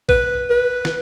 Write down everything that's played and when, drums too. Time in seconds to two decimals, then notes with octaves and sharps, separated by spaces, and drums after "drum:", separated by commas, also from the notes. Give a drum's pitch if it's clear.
0.09 B4, drum: kick A#1
0.50 B4
0.85 drum: snare